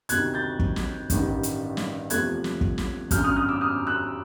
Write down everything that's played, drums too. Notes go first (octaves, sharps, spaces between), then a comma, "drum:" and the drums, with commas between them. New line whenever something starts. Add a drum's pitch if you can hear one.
D2 C3 D#3 F#6 G#6, drum: hi-hat
G6 A6
drum: kick
drum: snare
A1 G2 D#3 G3, drum: kick, hi-hat
drum: hi-hat
drum: snare
E2 C3 F3 A3 F#6 G#6, drum: hi-hat
drum: snare
drum: kick
drum: snare
G#1 F#2 D3 F#3 F6 G6, drum: kick, hi-hat
D#6 F6
D#6 F6
D6 E6
D#6 F6
E6 F#6